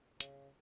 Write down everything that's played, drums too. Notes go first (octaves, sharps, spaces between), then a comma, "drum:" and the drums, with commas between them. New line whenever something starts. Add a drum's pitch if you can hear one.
C#3, drum: hi-hat